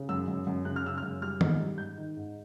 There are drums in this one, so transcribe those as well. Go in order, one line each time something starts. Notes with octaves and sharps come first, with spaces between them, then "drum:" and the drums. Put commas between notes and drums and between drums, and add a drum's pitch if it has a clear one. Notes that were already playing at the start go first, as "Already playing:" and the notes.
Already playing: C#3
F#2 E6
F#2
F#2
C#3 F#6
F6
C#3 E6
F6
F#2
G3 F6
G#2, drum: tom D#3
G3
G#2 G6
D#3
G#2